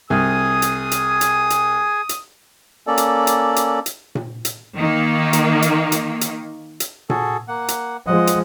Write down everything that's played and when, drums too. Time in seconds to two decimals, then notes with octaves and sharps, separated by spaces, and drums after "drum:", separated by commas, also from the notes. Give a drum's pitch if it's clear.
0.10 C2 G#4 G#5 D#6
0.62 drum: hi-hat
0.91 drum: hi-hat
1.21 drum: hi-hat
1.50 drum: hi-hat
2.09 drum: hi-hat
2.87 A#3 C#4 A4 D5
2.98 drum: hi-hat
3.27 drum: hi-hat
3.56 drum: hi-hat
3.86 drum: hi-hat
4.15 drum: tom A#2
4.45 drum: hi-hat
4.77 D#3 A#3
5.33 drum: hi-hat
5.62 drum: hi-hat
5.92 drum: hi-hat
6.21 drum: hi-hat
6.80 drum: hi-hat
7.10 F#4 G#4 A4, drum: tom A#2
7.48 A#3 F#5
7.68 drum: hi-hat
8.07 F3 G#3 D#5 F#5
8.27 drum: hi-hat